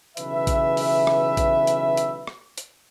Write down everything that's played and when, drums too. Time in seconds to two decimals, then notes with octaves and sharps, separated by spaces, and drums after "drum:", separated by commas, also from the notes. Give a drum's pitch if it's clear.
0.17 B1 C#3 E3 B4 E5, drum: hi-hat
0.47 drum: kick A#1, hi-hat
0.77 drum: open hi-hat
1.07 drum: rim click
1.37 drum: kick A#1, hi-hat
1.67 drum: hi-hat
1.97 drum: hi-hat
2.27 drum: rim click
2.58 drum: hi-hat